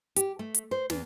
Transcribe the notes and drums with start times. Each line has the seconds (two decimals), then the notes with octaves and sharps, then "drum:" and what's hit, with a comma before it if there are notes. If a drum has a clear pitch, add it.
0.16 G4, drum: hi-hat
0.39 A3
0.54 drum: hi-hat
0.71 C5
0.90 E2, drum: snare